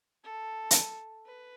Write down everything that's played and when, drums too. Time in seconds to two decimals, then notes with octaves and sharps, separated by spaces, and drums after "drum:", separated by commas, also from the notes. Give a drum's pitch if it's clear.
0.24 A4
0.71 drum: hi-hat
1.26 B4